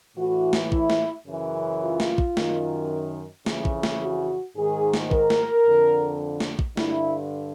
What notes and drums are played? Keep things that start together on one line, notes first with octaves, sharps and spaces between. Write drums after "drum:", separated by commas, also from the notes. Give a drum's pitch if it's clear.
A2 E3 F#4
drum: snare
E4, drum: kick
drum: snare
F#2 C#3 E3
F4
drum: snare
drum: kick
F#2 D#3, drum: snare
F2 C#3 E3, drum: snare
drum: kick
drum: snare
F#4
G#2 D#3 G#4
drum: snare
A#4, drum: kick
drum: snare
F2 D3
drum: snare
drum: kick
G2 D3 E4, drum: snare